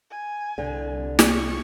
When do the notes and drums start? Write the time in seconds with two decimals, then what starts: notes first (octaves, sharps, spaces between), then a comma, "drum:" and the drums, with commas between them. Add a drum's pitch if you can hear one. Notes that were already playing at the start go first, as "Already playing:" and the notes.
0.11 G#5
0.58 C2 D3
1.19 drum: snare
1.29 C#6